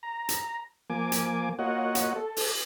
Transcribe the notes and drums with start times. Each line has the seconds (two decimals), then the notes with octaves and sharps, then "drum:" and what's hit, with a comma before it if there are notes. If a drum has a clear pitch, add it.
0.03 A#5
0.29 drum: hi-hat
0.90 F3 A#3 G#5 D6
1.12 drum: hi-hat
1.59 A#3 F4 F#4 C#5 D#5 F#5
1.95 drum: hi-hat
2.16 A4
2.37 drum: open hi-hat